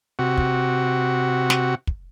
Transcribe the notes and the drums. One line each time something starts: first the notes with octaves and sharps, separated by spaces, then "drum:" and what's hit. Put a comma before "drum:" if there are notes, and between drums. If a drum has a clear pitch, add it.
C3 F#4
drum: kick
drum: snare
drum: kick